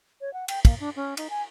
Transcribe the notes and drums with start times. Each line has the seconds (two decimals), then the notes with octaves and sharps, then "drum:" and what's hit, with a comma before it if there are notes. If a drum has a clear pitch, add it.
0.21 C#5
0.33 F#5
0.48 G5, drum: cymbal
0.65 A#3, drum: kick, cymbal
0.80 D4
0.96 C#4
1.17 D#4, drum: cymbal
1.30 G#5